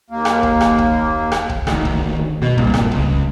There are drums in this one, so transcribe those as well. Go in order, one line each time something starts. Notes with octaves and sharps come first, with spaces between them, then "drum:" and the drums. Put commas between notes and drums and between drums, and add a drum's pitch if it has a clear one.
D#2 A#3
drum: rim click
drum: kick
drum: rim click
drum: kick
drum: rim click
drum: kick
D2 D#3, drum: rim click
drum: kick
B2
C2 G2 A#2, drum: kick
drum: rim click
C#2, drum: kick